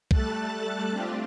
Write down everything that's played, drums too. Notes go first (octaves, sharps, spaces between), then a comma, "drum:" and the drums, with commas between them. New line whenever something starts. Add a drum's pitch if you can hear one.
G3 A3 A4 A5 F#6 A6, drum: kick B1
A3 C4 D4 F4 G4